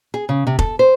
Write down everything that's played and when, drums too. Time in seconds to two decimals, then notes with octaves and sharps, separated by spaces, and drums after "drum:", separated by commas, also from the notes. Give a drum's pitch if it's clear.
0.14 G#4
0.29 C#3
0.47 C3
0.59 A4, drum: kick F1
0.79 C5